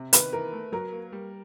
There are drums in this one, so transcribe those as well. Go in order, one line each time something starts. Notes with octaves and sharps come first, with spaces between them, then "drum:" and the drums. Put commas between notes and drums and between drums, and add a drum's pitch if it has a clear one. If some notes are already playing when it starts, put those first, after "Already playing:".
Already playing: C3
D#3 B4, drum: hi-hat
E3 A#4
A3
F#3 A#4
A#3
G3